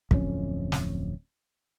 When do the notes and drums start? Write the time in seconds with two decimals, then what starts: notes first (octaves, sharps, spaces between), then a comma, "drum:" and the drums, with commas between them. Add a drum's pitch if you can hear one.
0.11 D1 F2 C#4, drum: kick
0.72 drum: snare